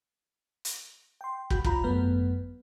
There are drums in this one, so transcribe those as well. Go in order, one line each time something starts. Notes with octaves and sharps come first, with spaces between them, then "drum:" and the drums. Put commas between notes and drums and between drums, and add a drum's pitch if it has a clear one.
drum: hi-hat
G5 C6
F#4 B5 G6, drum: kick
G1 C#2 F4 A#5 B5, drum: kick
G#1 F#2 F#3 A3 B3 B4